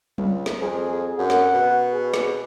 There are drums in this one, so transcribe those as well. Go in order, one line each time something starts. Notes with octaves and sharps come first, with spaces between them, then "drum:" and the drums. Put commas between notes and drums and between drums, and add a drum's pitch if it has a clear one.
C#2, drum: tom F#3
drum: snare
F2 G#4
F#2 F#5
drum: snare
B2
G#4
drum: snare